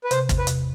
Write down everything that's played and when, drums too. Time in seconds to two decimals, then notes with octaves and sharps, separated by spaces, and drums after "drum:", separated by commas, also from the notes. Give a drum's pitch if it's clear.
0.04 B4
0.11 C3 C5, drum: hi-hat
0.29 E2, drum: kick, hi-hat
0.38 B4
0.47 C3, drum: hi-hat